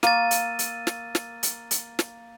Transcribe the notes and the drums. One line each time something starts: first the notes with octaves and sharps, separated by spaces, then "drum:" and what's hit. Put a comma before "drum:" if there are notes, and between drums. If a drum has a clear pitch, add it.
A#3 C#6 E6 A6 D#7, drum: snare
drum: hi-hat
drum: hi-hat
drum: snare
drum: snare
drum: hi-hat
drum: hi-hat
drum: snare